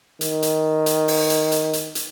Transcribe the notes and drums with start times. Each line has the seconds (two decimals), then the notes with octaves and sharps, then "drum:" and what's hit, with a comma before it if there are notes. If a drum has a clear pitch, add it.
0.21 D#3, drum: hi-hat
0.42 drum: hi-hat
0.86 drum: hi-hat
1.08 drum: open hi-hat
1.30 drum: hi-hat
1.52 drum: hi-hat
1.73 drum: hi-hat
1.95 drum: hi-hat